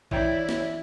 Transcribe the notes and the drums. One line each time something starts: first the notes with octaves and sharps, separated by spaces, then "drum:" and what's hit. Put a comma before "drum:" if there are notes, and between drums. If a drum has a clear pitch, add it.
E3 E4 C#5 D5 G5, drum: kick A1
drum: snare